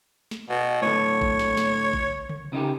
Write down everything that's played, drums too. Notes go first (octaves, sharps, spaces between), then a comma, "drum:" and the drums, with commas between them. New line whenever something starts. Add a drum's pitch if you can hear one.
drum: snare
B2
A2 D3 C#5
drum: kick G#1
drum: snare
drum: snare
drum: kick G#1
drum: tom C#3
C#3 D#4 G4